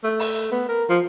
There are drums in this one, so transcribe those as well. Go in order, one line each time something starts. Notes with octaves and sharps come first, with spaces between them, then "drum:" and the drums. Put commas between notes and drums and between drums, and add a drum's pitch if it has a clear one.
A3
drum: open hi-hat
B3
A#4
F3